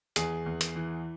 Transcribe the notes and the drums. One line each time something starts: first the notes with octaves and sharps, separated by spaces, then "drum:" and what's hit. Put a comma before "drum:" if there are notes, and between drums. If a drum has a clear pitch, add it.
E2 G#4, drum: hi-hat
E2
drum: hi-hat
E3